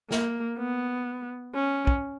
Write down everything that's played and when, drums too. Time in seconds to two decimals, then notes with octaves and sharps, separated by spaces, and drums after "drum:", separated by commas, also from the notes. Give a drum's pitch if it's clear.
0.11 A#3, drum: snare
0.59 B3
1.55 C#4
1.87 drum: kick